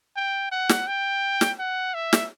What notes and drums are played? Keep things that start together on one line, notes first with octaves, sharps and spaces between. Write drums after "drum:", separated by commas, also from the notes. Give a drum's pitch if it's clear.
G5
F#5
drum: snare
G5
drum: snare
F#5
E5
drum: snare